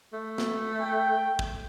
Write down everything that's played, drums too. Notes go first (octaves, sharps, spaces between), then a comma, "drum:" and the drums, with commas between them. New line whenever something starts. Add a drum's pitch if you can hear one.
A3
drum: snare
G5
drum: kick